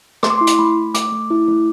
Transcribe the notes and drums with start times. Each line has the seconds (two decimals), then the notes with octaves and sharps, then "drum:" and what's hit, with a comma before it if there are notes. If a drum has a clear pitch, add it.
0.23 A3 C6, drum: rim click
0.30 D6
0.38 E4 C6
0.47 drum: hi-hat
0.59 A3 B5
0.76 A3
0.94 A3 D6, drum: hi-hat
1.12 A3
1.30 E4
1.48 A3